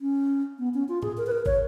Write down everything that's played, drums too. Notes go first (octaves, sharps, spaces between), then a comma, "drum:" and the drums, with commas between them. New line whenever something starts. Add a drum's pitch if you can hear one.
C#4
B3
C#4
F4
G#4, drum: tom A2
A#4
B4
A#4
C#5, drum: kick